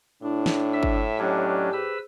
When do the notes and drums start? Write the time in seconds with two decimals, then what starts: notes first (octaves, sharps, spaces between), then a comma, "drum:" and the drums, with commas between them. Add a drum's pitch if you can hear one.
0.22 A2 D4 E4
0.46 drum: snare
0.73 E5 E6
0.83 drum: kick
1.19 F#3 C#4 D4 G4 D5 D#5
1.73 G#4 B4 C5 E6